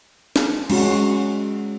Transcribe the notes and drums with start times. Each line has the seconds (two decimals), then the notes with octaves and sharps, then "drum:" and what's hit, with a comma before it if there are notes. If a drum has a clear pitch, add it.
0.36 drum: snare
0.70 G#3 C#4 F#4, drum: cymbal